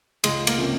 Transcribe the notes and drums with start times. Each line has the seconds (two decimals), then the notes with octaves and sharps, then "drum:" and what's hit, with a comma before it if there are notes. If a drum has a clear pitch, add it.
0.24 C#2 G#3, drum: cymbal
0.47 A#3, drum: cymbal
0.58 C3 F3 A#3 C#4